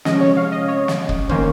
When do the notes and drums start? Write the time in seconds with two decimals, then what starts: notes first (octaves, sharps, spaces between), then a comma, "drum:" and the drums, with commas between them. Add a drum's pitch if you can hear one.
0.05 C3 F3 G#3 C#4 D#5, drum: snare
0.21 C#5
0.37 F5
0.51 D#5
0.68 C#5
0.88 drum: snare
1.09 drum: kick
1.29 D#3 A#3 C#4 C5, drum: kick